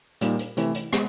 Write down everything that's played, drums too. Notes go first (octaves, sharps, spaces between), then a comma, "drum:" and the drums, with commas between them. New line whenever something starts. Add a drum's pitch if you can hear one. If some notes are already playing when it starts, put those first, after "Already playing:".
A#2 G3 A#3 D#4, drum: hi-hat
drum: hi-hat
C3 E3 A3, drum: hi-hat
drum: hi-hat
G#3 B3, drum: rim click